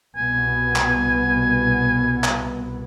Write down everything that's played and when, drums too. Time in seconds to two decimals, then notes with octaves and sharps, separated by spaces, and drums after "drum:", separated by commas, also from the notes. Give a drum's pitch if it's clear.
0.16 C2 B2 B3 G#5
0.76 drum: clap
2.24 drum: clap